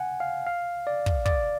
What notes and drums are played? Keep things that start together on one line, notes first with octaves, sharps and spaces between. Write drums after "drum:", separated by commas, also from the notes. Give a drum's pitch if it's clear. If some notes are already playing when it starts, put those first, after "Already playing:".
Already playing: F#5 G#5
F5
F5
D5
drum: kick
D5, drum: kick